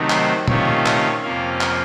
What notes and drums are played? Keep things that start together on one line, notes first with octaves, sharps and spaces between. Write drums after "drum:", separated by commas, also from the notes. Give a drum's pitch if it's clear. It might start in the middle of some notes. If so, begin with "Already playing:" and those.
Already playing: C3 D#3 F#3 A3 D#4
C5, drum: clap
C3 D#3 A3 C#4 F4 C#5, drum: tom A#2
C#5, drum: clap
F2 C3 F3 A#3 C#4 F5
drum: clap